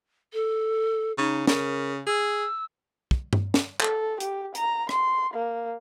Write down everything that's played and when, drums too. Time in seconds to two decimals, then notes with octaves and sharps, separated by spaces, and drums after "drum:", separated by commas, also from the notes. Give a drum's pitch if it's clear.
0.33 A4
1.18 C#3 D#4
1.47 C#3 A#4, drum: snare
2.07 G#4 E6
3.11 drum: kick
3.33 drum: tom G2
3.54 drum: snare
3.81 A4, drum: clap
4.20 G4, drum: hi-hat
4.55 A#5, drum: hi-hat
4.89 C6, drum: rim click
5.33 A#3